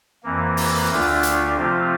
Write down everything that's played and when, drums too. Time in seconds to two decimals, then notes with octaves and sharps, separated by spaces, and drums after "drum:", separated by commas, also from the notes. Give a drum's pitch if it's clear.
0.23 F2 E3 A#3
0.57 drum: open hi-hat
0.90 D2 D3 A3 D4 F4
1.23 drum: hi-hat
1.56 C3 F3 A3 C4 F4